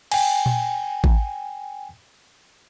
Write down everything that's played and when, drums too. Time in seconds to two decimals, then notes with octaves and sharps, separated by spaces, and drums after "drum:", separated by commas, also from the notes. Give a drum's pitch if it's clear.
0.12 G5 G#5, drum: cymbal
0.46 drum: tom A#2
1.04 drum: kick A1